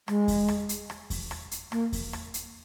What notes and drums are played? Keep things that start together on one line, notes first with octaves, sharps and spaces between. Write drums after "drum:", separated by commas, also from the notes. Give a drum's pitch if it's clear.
G#3, drum: rim click
drum: kick E2, open hi-hat
drum: rim click
drum: hi-hat
drum: rim click
drum: kick E2, open hi-hat
drum: rim click
drum: hi-hat
A#3, drum: rim click
drum: kick E2, open hi-hat
drum: rim click
drum: hi-hat